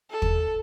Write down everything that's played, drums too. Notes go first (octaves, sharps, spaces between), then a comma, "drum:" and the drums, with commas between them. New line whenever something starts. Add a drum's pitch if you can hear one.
A4
drum: kick